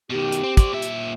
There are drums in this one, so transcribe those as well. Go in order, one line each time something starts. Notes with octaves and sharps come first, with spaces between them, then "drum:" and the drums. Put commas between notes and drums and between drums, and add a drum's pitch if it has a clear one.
B2 D#3 G4
drum: hi-hat
C4
C5 D5, drum: kick, hi-hat
A#2 E5
drum: hi-hat